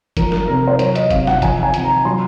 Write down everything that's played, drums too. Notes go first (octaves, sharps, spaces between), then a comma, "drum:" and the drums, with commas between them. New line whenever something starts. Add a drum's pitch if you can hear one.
F3 A#4, drum: kick F1, hi-hat
A#4, drum: snare
C3 A#4
C5
F#3 C#5, drum: hi-hat
D#5, drum: hi-hat
C3 F5, drum: kick F1, hi-hat
F#5, drum: snare
F3 G#5, drum: kick F1, hi-hat
G#5
C3, drum: hi-hat
A#5
F#3 C6